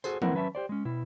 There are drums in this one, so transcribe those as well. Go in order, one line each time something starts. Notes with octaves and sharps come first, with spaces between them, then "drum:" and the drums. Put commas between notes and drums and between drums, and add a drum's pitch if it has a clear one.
F#4 G#4 A4 C5, drum: tambourine
A#3 C4 E4 A#4 B4 F#5, drum: tom D#3
F#3 C#4 B4 E5 A5
G4 C5 D5
G#3 C#4
B2 E4